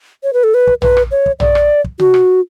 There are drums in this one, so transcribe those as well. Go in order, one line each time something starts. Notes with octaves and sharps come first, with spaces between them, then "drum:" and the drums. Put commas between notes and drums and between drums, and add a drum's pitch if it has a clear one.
C#5
B4
A4
B4
drum: kick
B4, drum: tom A#1
drum: rim click
C#5
drum: kick
D5, drum: tom A#1
drum: rim click
drum: kick
F#4, drum: tom C3
drum: rim click